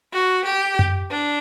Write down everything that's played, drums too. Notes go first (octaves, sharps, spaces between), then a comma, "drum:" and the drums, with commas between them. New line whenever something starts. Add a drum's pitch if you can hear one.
F#4
G4
drum: tom F#2
D4